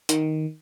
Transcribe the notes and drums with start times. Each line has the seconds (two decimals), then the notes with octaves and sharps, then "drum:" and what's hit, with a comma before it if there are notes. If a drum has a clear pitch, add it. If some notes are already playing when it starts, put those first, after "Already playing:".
0.09 D#3, drum: hi-hat